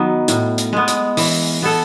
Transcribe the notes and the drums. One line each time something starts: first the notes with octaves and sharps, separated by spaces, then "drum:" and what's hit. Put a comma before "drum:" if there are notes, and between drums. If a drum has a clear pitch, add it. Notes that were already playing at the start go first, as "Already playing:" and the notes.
Already playing: D#3 F#3 B3
A2, drum: hi-hat
drum: hi-hat
G#3 B3
drum: hi-hat
E3, drum: open hi-hat
B3 E4 A4